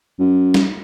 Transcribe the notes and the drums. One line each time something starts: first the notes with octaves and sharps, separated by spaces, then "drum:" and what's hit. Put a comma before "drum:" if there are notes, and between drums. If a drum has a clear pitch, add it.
F#2
drum: snare